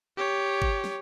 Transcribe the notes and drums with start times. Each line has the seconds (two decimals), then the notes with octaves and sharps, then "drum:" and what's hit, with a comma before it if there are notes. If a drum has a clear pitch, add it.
0.17 G4 C#5
0.62 drum: kick G1
0.84 drum: snare